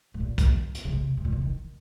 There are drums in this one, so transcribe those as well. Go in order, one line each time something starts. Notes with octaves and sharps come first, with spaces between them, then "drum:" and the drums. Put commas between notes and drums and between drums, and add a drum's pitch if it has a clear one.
A2
A#2
drum: kick, hi-hat
drum: hi-hat
C#3
C3
C3
A#2
C3
D#3